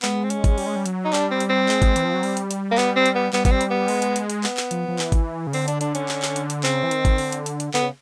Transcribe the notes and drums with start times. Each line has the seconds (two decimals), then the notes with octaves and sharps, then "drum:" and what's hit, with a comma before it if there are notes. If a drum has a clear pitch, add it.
0.02 G#3 B3, drum: clap
0.24 C4
0.30 C#4, drum: hi-hat
0.44 drum: kick G#1, hi-hat
0.58 G3, drum: open hi-hat
0.67 G#3
0.76 G3
0.86 F#3, drum: hi-hat
1.05 D#4
1.13 G3 D4, drum: clap
1.31 C4
1.40 drum: hi-hat
1.50 C4
1.69 G#3, drum: clap
1.82 drum: kick G#1, hi-hat
1.96 E3, drum: hi-hat
2.05 F3
2.14 F#3
2.23 G3, drum: open hi-hat
2.37 drum: hi-hat
2.51 drum: hi-hat
2.71 A#3
2.78 B3, drum: clap
2.96 C4
3.06 drum: hi-hat
3.15 B3
3.33 G3 B3, drum: clap
3.45 B3, drum: kick G#1, hi-hat
3.51 C4
3.61 drum: hi-hat
3.70 B3
3.88 G#3, drum: open hi-hat
4.02 drum: hi-hat
4.16 drum: hi-hat
4.30 drum: hi-hat
4.44 B3, drum: clap
4.57 drum: clap
4.71 F3, drum: hi-hat
4.88 F3
4.99 E3, drum: clap
5.12 drum: kick G#1, hi-hat
5.47 C#3
5.53 D3 C4, drum: open hi-hat
5.68 D4, drum: hi-hat
5.81 D4, drum: hi-hat
5.95 C#4, drum: hi-hat
6.09 drum: clap
6.22 drum: clap
6.36 drum: hi-hat
6.50 drum: hi-hat
6.63 C#3 C4, drum: clap
6.83 E3
6.91 D#3, drum: hi-hat
7.05 drum: kick G#1, hi-hat
7.18 D3, drum: open hi-hat
7.32 drum: hi-hat
7.46 drum: hi-hat
7.60 drum: hi-hat
7.74 D3 B3, drum: clap
7.82 C#3